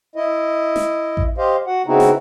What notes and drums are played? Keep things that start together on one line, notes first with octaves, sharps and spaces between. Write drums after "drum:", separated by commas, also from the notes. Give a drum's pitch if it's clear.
E4 D#5
drum: snare
drum: kick A1
G4 C5 D#5 F5
F#4 F#5
C#3 B3 C4 D#4 E4 F#4
drum: snare